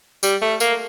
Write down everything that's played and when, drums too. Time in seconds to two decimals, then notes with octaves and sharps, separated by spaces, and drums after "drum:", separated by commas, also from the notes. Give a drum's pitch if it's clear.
0.23 G3, drum: tambourine
0.42 A3
0.60 A#3, drum: tambourine